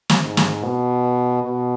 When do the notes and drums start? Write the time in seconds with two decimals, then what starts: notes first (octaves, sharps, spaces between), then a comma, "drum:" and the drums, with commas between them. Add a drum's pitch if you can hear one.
0.10 drum: snare
0.25 G#2
0.37 drum: snare
0.64 B2
1.43 B2